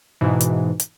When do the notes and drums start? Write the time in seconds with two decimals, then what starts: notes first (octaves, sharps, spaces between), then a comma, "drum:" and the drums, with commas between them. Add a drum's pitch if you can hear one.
0.21 G#2 B2 E3
0.41 drum: hi-hat
0.80 drum: hi-hat